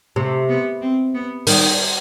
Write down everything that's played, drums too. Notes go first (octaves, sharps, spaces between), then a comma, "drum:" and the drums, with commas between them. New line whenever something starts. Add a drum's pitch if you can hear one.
C3 A3
B3
C4
B3
D#3 G3, drum: open hi-hat